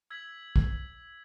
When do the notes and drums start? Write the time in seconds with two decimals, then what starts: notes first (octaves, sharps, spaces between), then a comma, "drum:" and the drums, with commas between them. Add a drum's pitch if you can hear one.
0.10 E6 G#6 B6 F#7
0.56 drum: kick